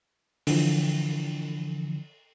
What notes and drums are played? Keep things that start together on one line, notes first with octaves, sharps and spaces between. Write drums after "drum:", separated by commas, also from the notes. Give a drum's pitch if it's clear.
D3 E3 F3, drum: open hi-hat